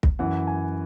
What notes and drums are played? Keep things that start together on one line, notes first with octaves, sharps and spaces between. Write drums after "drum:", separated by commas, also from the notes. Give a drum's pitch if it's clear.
drum: kick
F#2 E3 F#5
G#5